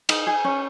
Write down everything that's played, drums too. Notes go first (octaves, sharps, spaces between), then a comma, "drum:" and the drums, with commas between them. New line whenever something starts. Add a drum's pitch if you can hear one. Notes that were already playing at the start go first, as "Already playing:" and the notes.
D#4, drum: cymbal
G#4
C#4